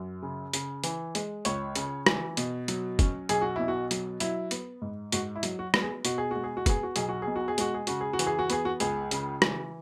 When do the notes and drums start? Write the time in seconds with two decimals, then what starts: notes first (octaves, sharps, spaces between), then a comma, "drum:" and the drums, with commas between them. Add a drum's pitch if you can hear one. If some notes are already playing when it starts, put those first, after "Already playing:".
Already playing: F#2
0.22 C#3
0.53 C#3, drum: hi-hat
0.84 E3, drum: hi-hat
1.15 G#3, drum: hi-hat
1.45 C#2 C#5, drum: hi-hat
1.75 C#3, drum: hi-hat
2.07 E3, drum: rim click
2.37 B2, drum: hi-hat
2.68 F#3, drum: hi-hat
2.99 C#4, drum: kick, hi-hat
3.29 B1 G#4, drum: hi-hat
3.42 F#4
3.56 B2 E4
3.68 F#4
3.91 F#3, drum: hi-hat
4.20 F#3 E4, drum: hi-hat
4.51 B3, drum: hi-hat
4.82 G#2
5.12 G#2 F#4, drum: hi-hat
5.36 E4
5.43 F#3, drum: hi-hat
5.59 F#4
5.74 B3, drum: rim click
5.82 G#4
6.05 B2 F#4, drum: hi-hat
6.18 G#4
6.31 G#3 F#4
6.44 G#4
6.57 F#4
6.66 B3 G#4, drum: kick, hi-hat
6.83 F#4
6.96 B1 G#4, drum: hi-hat
7.09 F#4
7.22 B2 G#4
7.36 F#4
7.48 G#4
7.58 G#3 F#4, drum: hi-hat
7.74 G#4
7.87 C#3 F#4, drum: hi-hat
8.01 G#4
8.13 F#4
8.19 E3, drum: hi-hat
8.27 G#4
8.39 F#4
8.50 B3 G#4, drum: hi-hat
8.65 F#4
8.80 C#2 G#4, drum: hi-hat
9.11 C#3, drum: hi-hat
9.42 E3, drum: rim click